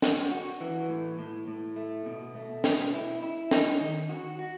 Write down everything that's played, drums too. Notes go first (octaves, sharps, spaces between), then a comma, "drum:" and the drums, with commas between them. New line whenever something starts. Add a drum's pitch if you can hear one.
F#4, drum: snare
F#4
E3
A2
A2
A2
A3
B2
A3
B2, drum: snare
E4
E4
D#4, drum: snare
D#3
F#4
F#4